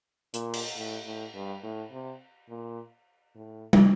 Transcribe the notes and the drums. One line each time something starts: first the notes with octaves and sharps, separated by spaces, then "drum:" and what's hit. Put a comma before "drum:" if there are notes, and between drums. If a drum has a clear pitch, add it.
A#2, drum: hi-hat
drum: cymbal
A2
A2
G2
A2
C3
A#2
A2
drum: tom